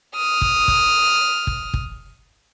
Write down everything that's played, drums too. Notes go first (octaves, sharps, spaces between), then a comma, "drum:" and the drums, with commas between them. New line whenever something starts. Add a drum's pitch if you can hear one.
D#6 F6
drum: kick
drum: kick
drum: kick
drum: kick